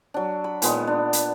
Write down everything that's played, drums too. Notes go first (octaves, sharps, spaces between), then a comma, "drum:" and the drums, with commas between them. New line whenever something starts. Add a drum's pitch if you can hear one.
F#3 D4
B5
A#2 D#3 G#3 B3, drum: hi-hat
D4
drum: hi-hat